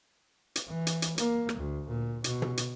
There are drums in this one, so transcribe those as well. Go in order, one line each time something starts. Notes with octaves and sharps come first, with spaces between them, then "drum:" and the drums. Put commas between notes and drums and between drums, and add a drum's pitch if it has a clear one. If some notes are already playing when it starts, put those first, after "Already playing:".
drum: hi-hat
E3
drum: hi-hat
drum: hi-hat
A#3, drum: hi-hat
drum: rim click
D2
A#2
B2, drum: hi-hat
drum: tom
drum: hi-hat